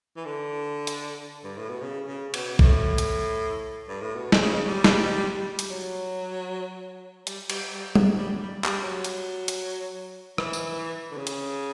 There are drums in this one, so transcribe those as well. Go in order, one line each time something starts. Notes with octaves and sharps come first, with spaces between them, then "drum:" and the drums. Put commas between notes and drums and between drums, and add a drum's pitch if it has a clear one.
E3
D3
drum: hi-hat
G2
A2
B2
C#3
C#3
B2, drum: cymbal
A2, drum: kick
drum: hi-hat
G2
A2
B2
D3, drum: snare
C#3
G3
drum: snare
drum: hi-hat
F#3
G3, drum: hi-hat
G3, drum: cymbal
G3
G3, drum: tom G3
G3
G3
G3, drum: clap
F#3
drum: hi-hat
drum: hi-hat
E3, drum: rim click
drum: tambourine
D3
C#3
drum: hi-hat